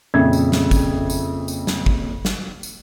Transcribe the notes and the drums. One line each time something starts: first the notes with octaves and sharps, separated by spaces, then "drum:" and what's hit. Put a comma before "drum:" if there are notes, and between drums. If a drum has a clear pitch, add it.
F2 A#2 C#3 E5 G#6
drum: tambourine
drum: snare
drum: kick G#1, tambourine
drum: tambourine
drum: tambourine
drum: snare
drum: kick G#1
drum: snare
drum: tambourine